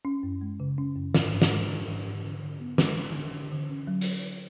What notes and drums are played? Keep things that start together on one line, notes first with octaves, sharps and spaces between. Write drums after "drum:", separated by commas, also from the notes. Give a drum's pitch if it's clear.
C#4
F#2
G#3
C#3
C#4
F#2
G#2, drum: snare
G#2
drum: snare
G#3
F3
G#2
G#2
D3
D3
B3
G#3, drum: snare
D3
D3
D3
D3
C#4
F#3
drum: hi-hat